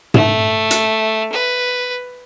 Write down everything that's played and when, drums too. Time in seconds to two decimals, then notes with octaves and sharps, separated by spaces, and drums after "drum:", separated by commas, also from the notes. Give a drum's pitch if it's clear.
0.14 A3, drum: tom
0.71 drum: hi-hat
1.32 B4